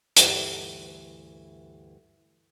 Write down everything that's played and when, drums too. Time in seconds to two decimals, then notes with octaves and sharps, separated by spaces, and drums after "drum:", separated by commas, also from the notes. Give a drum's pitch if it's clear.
0.16 D2 G2 E3 G4, drum: hi-hat